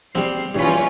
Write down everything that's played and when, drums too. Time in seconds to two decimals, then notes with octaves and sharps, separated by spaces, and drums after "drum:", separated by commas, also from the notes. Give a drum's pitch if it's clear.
0.15 G3 C4 C7, drum: snare
0.55 G2 E3 C#4 F4 B4
0.66 drum: snare